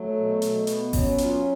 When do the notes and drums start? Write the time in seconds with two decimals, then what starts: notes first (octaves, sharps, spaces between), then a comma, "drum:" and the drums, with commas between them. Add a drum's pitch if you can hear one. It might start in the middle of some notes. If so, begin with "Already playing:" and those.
Already playing: F#3 A3
0.17 B2
0.42 B2, drum: hi-hat
0.67 B3, drum: hi-hat
0.93 F#3 C#4, drum: kick G#1, open hi-hat
1.18 F4, drum: hi-hat